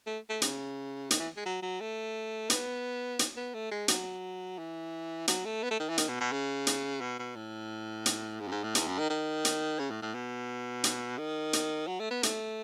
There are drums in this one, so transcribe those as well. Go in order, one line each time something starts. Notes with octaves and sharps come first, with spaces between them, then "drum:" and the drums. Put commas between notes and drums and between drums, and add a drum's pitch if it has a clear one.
A3
A3
C#3, drum: hi-hat
D#3, drum: hi-hat
E3
G#3
F#3
F#3
A3
B3, drum: hi-hat
drum: hi-hat
B3
A3
G#3
F#3, drum: hi-hat
E3
F#3, drum: hi-hat
A3
B3
A3
D#3
E3
D#3, drum: hi-hat
B2
B2
C#3
drum: hi-hat
B2
B2
A2
drum: hi-hat
G#2
F#2
G#2
A2
E2, drum: hi-hat
F#2
D#3
D#3
drum: hi-hat
C#3
A2
A2
B2
drum: hi-hat
D#3
drum: hi-hat
F#3
A3
B3
A3, drum: hi-hat